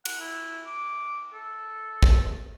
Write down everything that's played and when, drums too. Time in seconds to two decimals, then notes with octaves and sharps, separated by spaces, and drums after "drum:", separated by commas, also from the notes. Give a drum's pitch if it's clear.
0.05 F#5, drum: cymbal
0.20 E4
0.66 D6
1.34 A4
2.03 drum: kick